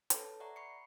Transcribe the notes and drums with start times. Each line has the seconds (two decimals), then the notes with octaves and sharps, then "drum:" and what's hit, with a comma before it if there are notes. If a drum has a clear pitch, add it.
0.10 A4 B4 C#5 A5, drum: hi-hat
0.40 D5 E5 F#5 A#5 C#6
0.56 B5 C#6 C7 C#7